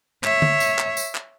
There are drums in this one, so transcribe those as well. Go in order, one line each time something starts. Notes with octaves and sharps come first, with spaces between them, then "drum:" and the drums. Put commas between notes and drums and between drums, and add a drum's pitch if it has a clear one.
C#5 E5, drum: clap
drum: tom D3
drum: tambourine
drum: clap
drum: tambourine
drum: clap